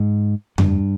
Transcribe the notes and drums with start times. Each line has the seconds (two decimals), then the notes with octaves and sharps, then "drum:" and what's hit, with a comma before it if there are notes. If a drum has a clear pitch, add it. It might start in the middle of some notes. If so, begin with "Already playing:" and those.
Already playing: G#2
0.58 G2, drum: tom F2